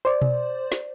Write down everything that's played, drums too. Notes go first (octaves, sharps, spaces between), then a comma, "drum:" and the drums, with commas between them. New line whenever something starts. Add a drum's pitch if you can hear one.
C5 D5
drum: tom B2
drum: snare